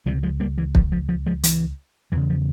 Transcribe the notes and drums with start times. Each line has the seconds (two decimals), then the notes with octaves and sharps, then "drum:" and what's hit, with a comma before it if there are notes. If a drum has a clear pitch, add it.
0.06 C#2 C3 E3 G3
0.23 F3 G#3
0.40 G3 A#3
0.58 E3
0.75 F3, drum: kick
0.92 F3
1.09 F3
1.26 F3 G#3
1.43 E3, drum: hi-hat
2.12 E2 C#3 E3
2.30 F3